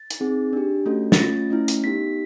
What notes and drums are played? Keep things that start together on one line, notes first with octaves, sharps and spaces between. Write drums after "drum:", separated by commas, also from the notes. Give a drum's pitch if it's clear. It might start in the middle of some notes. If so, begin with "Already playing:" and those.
Already playing: A6
drum: hi-hat
C4 D#4 G#4
D4 G4
A3 C#4 F#4 A4
A6, drum: snare
A3 C#4 F4 A#6
A3 C#4 E4
drum: hi-hat
B3 D#4 G4 B6